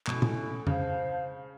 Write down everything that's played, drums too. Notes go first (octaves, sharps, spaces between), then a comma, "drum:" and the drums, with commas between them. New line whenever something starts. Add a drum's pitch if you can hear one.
B2 C#4 E4 A4, drum: clap
drum: tom A#2
C#3 C5 F5 A5, drum: tom F2